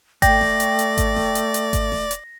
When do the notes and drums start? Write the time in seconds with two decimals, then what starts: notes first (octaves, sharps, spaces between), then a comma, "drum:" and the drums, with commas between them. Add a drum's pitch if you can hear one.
0.22 A3 D5 G5 A#6, drum: kick G#1, hi-hat
0.41 drum: snare E1
0.60 drum: hi-hat
0.79 drum: hi-hat
0.98 drum: kick G#1, hi-hat
1.16 drum: snare E1
1.35 drum: hi-hat
1.54 drum: hi-hat
1.73 drum: kick G#1, hi-hat
1.92 drum: snare E1
2.11 drum: hi-hat